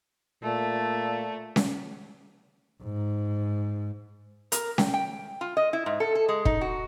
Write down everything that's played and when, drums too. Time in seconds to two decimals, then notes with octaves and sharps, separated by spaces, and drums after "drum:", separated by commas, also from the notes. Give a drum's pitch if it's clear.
0.43 A#2 A3
1.56 drum: snare C#4
2.83 G#2
4.52 A#4, drum: hi-hat
4.78 G5, drum: snare C#4
4.94 G5
5.41 F4
5.57 D#5
5.73 E4
5.86 G#2
6.00 A4
6.15 A4
6.29 G#3
6.45 D#4, drum: kick
6.61 F#4